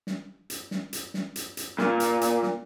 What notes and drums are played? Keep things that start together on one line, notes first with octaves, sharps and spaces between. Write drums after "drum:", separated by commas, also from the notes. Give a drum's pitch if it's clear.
drum: snare
drum: hi-hat
drum: snare
drum: hi-hat
drum: snare
drum: hi-hat
drum: hi-hat
A#2, drum: snare
drum: hi-hat
drum: hi-hat
drum: snare